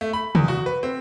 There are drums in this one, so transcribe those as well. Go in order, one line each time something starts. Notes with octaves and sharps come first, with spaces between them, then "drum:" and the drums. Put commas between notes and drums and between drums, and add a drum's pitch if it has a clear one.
A3
B5
E2, drum: tom
F#4
B4
C4